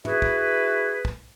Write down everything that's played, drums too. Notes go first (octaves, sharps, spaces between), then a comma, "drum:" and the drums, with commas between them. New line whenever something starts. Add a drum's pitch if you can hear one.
E4 F#4 G#4 B4, drum: tom
drum: kick
drum: kick